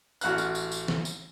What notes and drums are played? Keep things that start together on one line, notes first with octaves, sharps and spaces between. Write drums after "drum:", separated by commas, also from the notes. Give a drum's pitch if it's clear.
A1 F#4 F6 F#6, drum: tambourine
drum: tambourine
drum: tambourine
drum: tambourine
drum: snare
drum: tambourine